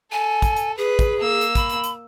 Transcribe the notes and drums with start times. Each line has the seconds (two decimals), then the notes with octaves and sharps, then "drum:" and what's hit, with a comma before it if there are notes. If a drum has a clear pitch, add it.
0.12 A4 G#5
0.42 drum: kick, hi-hat
0.57 drum: hi-hat
0.78 G#4 B4
0.99 drum: kick, hi-hat
1.20 A#3 E6
1.41 drum: hi-hat
1.55 B5, drum: kick, hi-hat
1.70 drum: hi-hat
1.84 drum: hi-hat